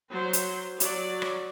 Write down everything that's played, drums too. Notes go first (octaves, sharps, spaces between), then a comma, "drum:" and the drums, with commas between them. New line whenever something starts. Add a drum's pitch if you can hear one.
F#3 C5
drum: hi-hat
F#3 D5, drum: hi-hat
drum: rim click